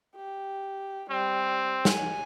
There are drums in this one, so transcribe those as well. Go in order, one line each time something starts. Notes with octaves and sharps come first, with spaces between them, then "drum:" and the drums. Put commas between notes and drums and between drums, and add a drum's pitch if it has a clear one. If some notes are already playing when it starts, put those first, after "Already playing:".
G4
G3 C4
G#5, drum: snare